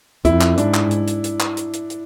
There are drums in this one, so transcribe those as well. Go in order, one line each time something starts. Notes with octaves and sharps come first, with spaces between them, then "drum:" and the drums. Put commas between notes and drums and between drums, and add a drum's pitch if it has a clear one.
F2 E4, drum: kick, hi-hat
drum: clap
G#2 D4, drum: hi-hat
drum: clap
drum: hi-hat
drum: hi-hat
drum: hi-hat
drum: clap
drum: hi-hat
drum: hi-hat
drum: hi-hat